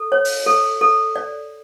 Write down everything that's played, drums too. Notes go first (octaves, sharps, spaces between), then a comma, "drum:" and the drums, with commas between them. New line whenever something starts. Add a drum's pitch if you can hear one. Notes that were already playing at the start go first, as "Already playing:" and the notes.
Already playing: A4
C#5
drum: open hi-hat
A4
A4
D5